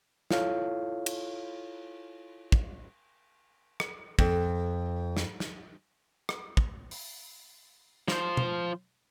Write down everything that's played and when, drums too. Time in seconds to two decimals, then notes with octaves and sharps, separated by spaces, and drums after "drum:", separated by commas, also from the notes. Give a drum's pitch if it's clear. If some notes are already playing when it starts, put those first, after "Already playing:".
0.31 E4 F4 A4 C#5 F5, drum: snare
1.06 drum: cymbal
2.52 drum: kick
3.80 drum: rim click
4.19 F2, drum: kick
5.17 drum: snare
5.40 drum: snare
6.29 drum: rim click
6.57 drum: kick
6.91 drum: open hi-hat
8.08 F3 C5, drum: snare
8.37 drum: tom B2